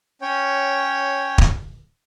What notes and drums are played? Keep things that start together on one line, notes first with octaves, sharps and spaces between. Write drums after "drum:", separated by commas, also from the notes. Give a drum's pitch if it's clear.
C#4 C#5 G5
drum: kick